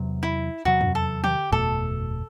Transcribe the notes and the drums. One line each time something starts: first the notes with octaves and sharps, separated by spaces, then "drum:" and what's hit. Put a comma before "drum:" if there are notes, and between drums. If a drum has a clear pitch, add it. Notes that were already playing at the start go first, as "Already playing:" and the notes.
Already playing: E2 C3 F#3
E4
E2 C3 F#3 F#4
drum: tom F2
A4
G4, drum: tom D3
F#1 E2 B2 A3 A4